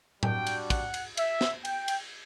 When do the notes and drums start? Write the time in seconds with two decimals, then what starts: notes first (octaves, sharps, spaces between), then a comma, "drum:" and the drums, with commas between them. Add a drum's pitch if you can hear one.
0.23 G3 D4 F#4 G5, drum: tom A2
0.47 drum: cymbal
0.70 F#5, drum: kick, cymbal
0.94 drum: cymbal
1.17 E5, drum: cymbal
1.41 drum: snare
1.65 G5, drum: cymbal
1.88 drum: cymbal